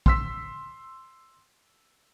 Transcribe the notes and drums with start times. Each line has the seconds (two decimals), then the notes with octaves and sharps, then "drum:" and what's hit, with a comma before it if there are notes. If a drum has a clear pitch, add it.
0.06 C6 E6 B6, drum: kick